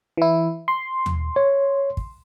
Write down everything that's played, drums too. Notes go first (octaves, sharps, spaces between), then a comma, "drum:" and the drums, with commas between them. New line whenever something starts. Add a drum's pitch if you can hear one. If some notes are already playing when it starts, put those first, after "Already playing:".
E3 E4
C6
drum: tom D#2
C#5
drum: kick